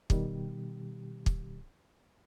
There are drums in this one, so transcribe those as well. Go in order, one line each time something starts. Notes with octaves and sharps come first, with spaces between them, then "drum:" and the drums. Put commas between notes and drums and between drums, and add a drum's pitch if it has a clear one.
B2 D#3 G3 G4, drum: kick
drum: kick